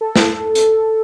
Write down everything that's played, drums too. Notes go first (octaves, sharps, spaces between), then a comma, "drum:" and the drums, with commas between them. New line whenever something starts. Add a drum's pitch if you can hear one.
A4
drum: snare
drum: hi-hat